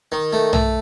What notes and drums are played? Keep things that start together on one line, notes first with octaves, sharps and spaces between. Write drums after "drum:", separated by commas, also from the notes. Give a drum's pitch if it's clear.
D#3
A3
A3, drum: tom B1